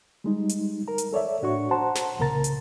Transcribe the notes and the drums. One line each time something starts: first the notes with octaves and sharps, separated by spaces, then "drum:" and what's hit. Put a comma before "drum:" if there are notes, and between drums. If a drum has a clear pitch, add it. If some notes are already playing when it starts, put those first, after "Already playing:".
G3 G#3 D#4
drum: hi-hat
A#4 A#5
drum: hi-hat
A4 C#5 D5 E5
A2 D4 F#4 C#5 C#6
C5 F#5 A5 A#5 C6
drum: snare
C2 A#2 C#3 A#4 A#5 A6
drum: hi-hat